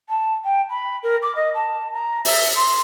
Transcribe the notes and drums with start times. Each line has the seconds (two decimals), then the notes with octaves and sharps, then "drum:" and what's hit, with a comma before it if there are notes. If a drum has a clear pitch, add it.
0.09 A5
0.44 G5
0.69 B5
1.03 A#4
1.22 D6
1.35 D#5
1.54 A5
1.93 A#5
2.25 E5, drum: open hi-hat
2.55 C6